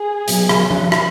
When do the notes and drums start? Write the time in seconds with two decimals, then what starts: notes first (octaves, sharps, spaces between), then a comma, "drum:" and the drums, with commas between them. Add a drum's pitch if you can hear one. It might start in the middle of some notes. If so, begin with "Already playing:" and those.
Already playing: G#4
0.28 B2 F#3, drum: hi-hat
0.49 drum: rim click
0.71 drum: tom F3
0.92 drum: rim click